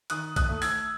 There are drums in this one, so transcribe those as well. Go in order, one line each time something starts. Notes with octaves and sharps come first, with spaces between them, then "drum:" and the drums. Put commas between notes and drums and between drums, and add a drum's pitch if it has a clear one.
D#3 D#6 F#6, drum: hi-hat
D#6 F#6, drum: kick, hi-hat
A3
E6 G#6, drum: open hi-hat